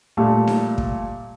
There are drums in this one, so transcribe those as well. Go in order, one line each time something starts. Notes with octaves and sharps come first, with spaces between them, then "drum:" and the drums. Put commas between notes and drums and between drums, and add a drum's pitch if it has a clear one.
A#2 G3 A3
drum: snare D#4
drum: kick